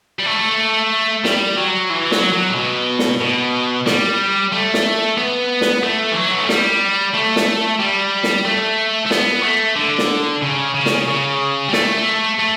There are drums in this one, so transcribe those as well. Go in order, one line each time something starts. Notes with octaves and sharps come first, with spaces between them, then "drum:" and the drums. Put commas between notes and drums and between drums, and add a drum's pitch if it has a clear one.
G3
A3
G3, drum: snare
F#3
E3
F#3, drum: snare
F#3
A2
B2
drum: snare
B2
G3, drum: snare
A3
drum: snare
B3
drum: snare
A3
E3
F#3
B3
A3
G3, drum: snare
A3
drum: snare
G3
drum: snare
A3
A3
B3, drum: snare
A3
D3
drum: snare
C#3
C#3
drum: snare
C#3
G3
A3, drum: snare
A3